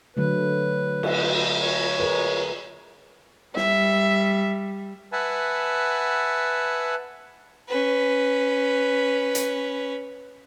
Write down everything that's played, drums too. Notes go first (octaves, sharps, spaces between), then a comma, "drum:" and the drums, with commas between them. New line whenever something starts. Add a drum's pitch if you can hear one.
D3 F#3 A3 B4
drum: cymbal
C#5
G#4 A#4 B4
G3 E5, drum: snare
B4 E5 F#5 G#5 A5
C#4 B4
drum: hi-hat